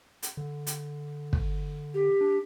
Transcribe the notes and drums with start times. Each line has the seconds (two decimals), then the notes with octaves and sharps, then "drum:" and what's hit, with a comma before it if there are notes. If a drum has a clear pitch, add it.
0.23 drum: hi-hat
0.37 D3
0.67 drum: hi-hat
1.33 drum: kick
1.94 G4
2.21 D4